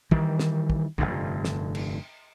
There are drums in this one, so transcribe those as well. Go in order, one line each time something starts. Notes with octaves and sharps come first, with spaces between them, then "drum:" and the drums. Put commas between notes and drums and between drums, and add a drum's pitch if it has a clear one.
D#3 E3 G3, drum: kick
drum: snare
drum: kick
F1 B1 G2 D3, drum: kick
drum: snare
drum: cymbal